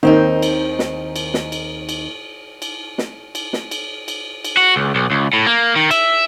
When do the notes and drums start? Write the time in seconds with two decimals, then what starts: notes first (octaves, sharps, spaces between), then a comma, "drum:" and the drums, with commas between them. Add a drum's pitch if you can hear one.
0.03 D#2 D#3 C4 D#4
0.42 drum: cymbal
0.79 drum: snare
1.16 drum: cymbal
1.34 drum: snare
1.52 drum: cymbal
1.89 drum: cymbal
2.62 drum: cymbal
2.98 drum: snare
3.35 drum: cymbal
3.53 drum: snare
3.71 drum: cymbal
4.08 drum: cymbal
4.45 drum: cymbal
4.57 F#4
4.76 C#2
4.95 B1
5.10 C#2
5.33 A2
5.47 A#3
5.76 D#3
5.91 E5, drum: cymbal